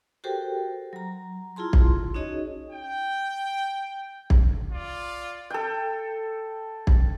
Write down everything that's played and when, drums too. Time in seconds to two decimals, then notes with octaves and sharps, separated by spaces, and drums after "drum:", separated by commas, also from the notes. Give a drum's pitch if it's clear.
0.24 F#4 G4 A4 A#4 C5 G5
0.93 F#3 A#5
1.56 E4 F4 G#4 A5 C6
1.73 drum: kick
2.14 C#4 D#4 F#4 G#4 C#5 D#5
2.71 G5
4.30 drum: kick
4.72 F4 D5
5.50 A4 G5
6.87 drum: kick